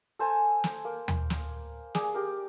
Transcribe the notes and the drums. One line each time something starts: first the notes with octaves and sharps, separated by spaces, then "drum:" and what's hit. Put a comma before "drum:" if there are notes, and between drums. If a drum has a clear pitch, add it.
A4 C5 G#5 A#5
drum: snare
A#3
drum: tom D#2
drum: snare
G#4 D5, drum: snare
G4 A#4